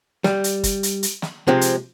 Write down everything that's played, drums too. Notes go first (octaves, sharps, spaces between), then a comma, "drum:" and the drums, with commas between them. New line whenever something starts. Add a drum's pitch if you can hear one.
G3, drum: snare
drum: hi-hat
drum: kick, hi-hat
drum: hi-hat
drum: hi-hat
drum: snare
C3 F3 G#3 C4
drum: hi-hat